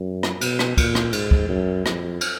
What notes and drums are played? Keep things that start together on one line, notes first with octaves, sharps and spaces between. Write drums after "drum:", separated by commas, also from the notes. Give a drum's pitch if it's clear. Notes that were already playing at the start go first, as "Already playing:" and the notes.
Already playing: F#2
drum: rim click
B2, drum: cymbal
drum: rim click
A#2, drum: kick, cymbal
drum: rim click
G#2, drum: cymbal
drum: kick
F#2
F2, drum: rim click
drum: cymbal